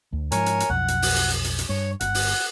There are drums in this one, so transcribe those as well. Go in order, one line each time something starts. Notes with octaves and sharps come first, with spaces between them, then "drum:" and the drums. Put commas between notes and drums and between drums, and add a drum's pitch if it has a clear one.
D2
G#2 F3 A#4 C#5 G#5, drum: hi-hat
drum: hi-hat
drum: hi-hat
B1 F2 F#5
drum: hi-hat
drum: open hi-hat
drum: hi-hat
drum: hi-hat
drum: hi-hat
drum: hi-hat
G2 C#5
G1 F#5, drum: hi-hat
drum: open hi-hat